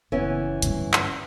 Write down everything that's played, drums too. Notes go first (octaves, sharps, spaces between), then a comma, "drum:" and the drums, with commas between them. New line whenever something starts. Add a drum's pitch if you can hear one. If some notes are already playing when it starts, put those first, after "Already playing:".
F#1 E3 B3 C#4
G2 D3, drum: hi-hat
drum: clap